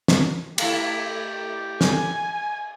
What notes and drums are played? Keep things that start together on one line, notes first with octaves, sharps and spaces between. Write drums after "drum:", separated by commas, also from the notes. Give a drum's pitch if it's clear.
drum: snare
A3 E4 G4, drum: cymbal
G#5, drum: snare